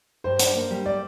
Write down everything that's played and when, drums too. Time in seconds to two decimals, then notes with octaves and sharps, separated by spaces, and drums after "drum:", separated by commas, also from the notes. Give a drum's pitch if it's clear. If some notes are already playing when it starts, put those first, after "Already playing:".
0.24 G2 C5
0.39 D4, drum: hi-hat
0.55 A#3
0.70 G3
0.86 D5